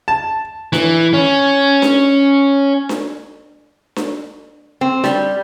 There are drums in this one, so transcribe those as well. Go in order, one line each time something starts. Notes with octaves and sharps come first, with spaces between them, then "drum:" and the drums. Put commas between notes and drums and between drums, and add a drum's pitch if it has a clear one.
A5
E3, drum: snare D4
C#4
drum: snare D4
drum: snare D4
drum: snare D4
C4
G3, drum: snare D4